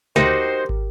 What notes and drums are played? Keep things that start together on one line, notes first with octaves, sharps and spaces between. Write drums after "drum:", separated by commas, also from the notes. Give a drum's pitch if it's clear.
D2 D#4 F#4 G4 A#4 C5, drum: snare
drum: kick